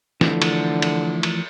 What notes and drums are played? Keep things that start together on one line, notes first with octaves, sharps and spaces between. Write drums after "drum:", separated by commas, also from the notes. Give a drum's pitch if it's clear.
D3 E3 F3 A3, drum: snare
drum: cymbal
drum: cymbal
drum: cymbal